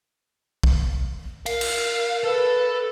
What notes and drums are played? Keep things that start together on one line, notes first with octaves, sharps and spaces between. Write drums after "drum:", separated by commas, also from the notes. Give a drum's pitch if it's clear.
drum: kick B1
A#4 F5, drum: cymbal
drum: cymbal
A4 B4